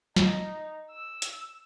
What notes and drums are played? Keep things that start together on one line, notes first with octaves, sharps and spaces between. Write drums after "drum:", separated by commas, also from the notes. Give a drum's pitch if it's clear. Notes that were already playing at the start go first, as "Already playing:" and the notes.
D#4, drum: snare
E6
drum: hi-hat